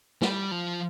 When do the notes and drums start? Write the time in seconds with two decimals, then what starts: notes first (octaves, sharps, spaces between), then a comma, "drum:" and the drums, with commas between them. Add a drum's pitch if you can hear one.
0.22 G3, drum: snare
0.51 F3